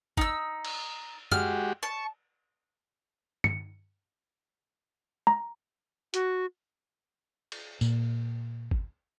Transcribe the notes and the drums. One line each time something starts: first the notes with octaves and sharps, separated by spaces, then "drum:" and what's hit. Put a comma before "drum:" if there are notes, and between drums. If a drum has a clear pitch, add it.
D#4 E6, drum: kick G1
drum: cymbal
G#3 F#4 G4 F6, drum: tom F#2
A5 C#6
C#7, drum: tom G2
A#5
F#4, drum: hi-hat
drum: cymbal
A#2, drum: tambourine
drum: kick G1